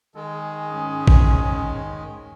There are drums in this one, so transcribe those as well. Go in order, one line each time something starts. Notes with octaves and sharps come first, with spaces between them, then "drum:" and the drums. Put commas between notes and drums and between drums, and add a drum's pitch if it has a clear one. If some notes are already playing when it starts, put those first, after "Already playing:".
D#3 G#3 G#4
G#2 C#4
drum: kick A1